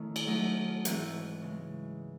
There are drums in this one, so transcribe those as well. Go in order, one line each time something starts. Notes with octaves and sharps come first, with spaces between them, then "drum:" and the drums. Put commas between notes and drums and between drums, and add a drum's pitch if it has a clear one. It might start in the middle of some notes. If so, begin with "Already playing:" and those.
Already playing: D#3 A3 C#4 E4
drum: cymbal
F#3 A3 D#4
G#2 E3 C4 E4, drum: hi-hat
C#3 G#3